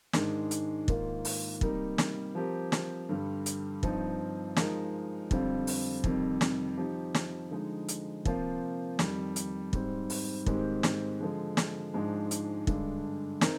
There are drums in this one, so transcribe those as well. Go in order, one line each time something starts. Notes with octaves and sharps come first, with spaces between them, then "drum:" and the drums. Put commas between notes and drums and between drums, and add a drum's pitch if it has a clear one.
G#2 D#3 G#3 D4, drum: snare
drum: hi-hat
G#2 D#3 A#3 F4, drum: kick
drum: open hi-hat
C3 G3 A#3 D#4 A#4, drum: kick
drum: snare
F3 C4 G4 A#4
drum: snare
G2 D3 G3
drum: hi-hat
G2 F3 C4 D#4, drum: kick
F3 G#3 D#4 A#4, drum: snare
F2 D3 G3 C4 F4, drum: kick
drum: open hi-hat
F2 C3 D#3 G3, drum: kick
drum: snare
F3 C4 D#4 G4
drum: snare
D3 F3 G#3 D#4
drum: hi-hat
C3 F3 A#3 F4 C5, drum: kick
F2 D#3 G3, drum: snare
drum: hi-hat
G#2 G3 C4, drum: kick
drum: open hi-hat
G#2 D#3 G#3 C4 G4, drum: kick
drum: snare
D3 F3 G#3
drum: snare
G#2 F3 G#3 D4
drum: hi-hat
G2 D3 G#3 D4, drum: kick
C4 D#4 A#4, drum: snare